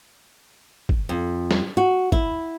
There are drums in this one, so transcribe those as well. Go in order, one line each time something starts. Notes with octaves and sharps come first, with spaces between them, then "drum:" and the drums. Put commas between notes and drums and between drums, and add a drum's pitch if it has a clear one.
drum: kick
F2
drum: snare
F#4
E4, drum: kick